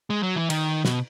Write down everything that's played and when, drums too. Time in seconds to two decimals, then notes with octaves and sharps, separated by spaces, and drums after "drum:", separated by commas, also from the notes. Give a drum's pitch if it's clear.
0.10 G#3
0.23 F#3
0.36 E3
0.50 D#3, drum: cymbal
0.85 B2, drum: snare